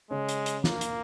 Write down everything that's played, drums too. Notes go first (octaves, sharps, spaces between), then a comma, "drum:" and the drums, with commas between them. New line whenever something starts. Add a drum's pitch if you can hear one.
C#3 G#3 C#4
drum: hi-hat
drum: hi-hat
A#3, drum: snare
drum: hi-hat